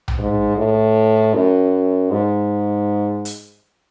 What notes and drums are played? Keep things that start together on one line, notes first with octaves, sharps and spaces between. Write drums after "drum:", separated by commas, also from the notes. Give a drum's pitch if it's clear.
drum: tom B1
G#2
A2
F#2
G#2
drum: hi-hat